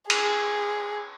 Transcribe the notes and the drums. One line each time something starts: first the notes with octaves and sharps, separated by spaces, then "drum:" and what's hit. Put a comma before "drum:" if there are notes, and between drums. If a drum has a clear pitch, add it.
G#4, drum: cymbal